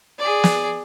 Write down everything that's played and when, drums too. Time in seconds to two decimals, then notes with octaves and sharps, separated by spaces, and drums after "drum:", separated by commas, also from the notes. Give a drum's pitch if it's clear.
0.19 G#4 D5
0.44 drum: snare